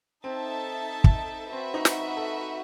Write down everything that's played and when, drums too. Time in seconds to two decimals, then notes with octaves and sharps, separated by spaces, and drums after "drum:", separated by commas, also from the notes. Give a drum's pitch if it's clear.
0.24 C4 D#4 A4 E5 A5
1.04 drum: kick
1.52 C4 F#4 B4 E5
1.74 D#4
1.85 drum: snare
2.17 A4